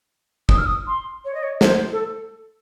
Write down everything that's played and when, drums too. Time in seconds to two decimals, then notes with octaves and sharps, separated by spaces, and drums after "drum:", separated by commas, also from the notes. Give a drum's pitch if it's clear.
0.49 D#6, drum: kick
0.58 F6
0.65 D#6
0.87 C6
1.25 C#5
1.34 D#5
1.43 C#5
1.61 C5, drum: snare
1.91 A4